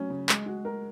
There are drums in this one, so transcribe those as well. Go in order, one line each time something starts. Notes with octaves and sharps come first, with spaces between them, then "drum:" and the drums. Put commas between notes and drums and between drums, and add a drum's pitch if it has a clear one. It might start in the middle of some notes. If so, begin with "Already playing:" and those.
Already playing: F#3 C#4
C#3
G#3, drum: clap
F#4
A#4